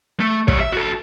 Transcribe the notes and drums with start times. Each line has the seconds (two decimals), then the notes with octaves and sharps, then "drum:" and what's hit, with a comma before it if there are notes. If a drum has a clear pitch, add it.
0.20 A3
0.48 G3 C#5, drum: kick
0.60 E5
0.72 F#4 A4